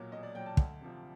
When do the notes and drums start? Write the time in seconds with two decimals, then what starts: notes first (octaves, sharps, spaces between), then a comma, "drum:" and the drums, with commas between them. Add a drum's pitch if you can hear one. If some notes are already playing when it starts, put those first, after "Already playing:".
Already playing: B1 A#2 F#3
0.12 B1 D#5
0.23 D5
0.34 A#2 F#3 G5
0.46 A5
0.57 D2, drum: kick
0.81 C3 F3